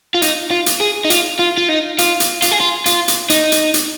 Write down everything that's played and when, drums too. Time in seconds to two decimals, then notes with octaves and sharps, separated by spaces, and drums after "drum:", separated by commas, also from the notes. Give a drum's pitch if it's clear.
0.15 F4
0.22 D#4, drum: hi-hat
0.51 F4
0.66 drum: hi-hat
0.81 G#4
1.05 D#4
1.10 F4, drum: hi-hat
1.39 F4
1.58 F4
1.69 D#4
1.98 F4, drum: hi-hat
2.20 drum: hi-hat
2.42 F4, drum: hi-hat
2.51 G#4
2.60 F4
2.86 F4, drum: hi-hat
3.08 drum: hi-hat
3.30 D#4, drum: hi-hat
3.52 drum: hi-hat
3.74 drum: hi-hat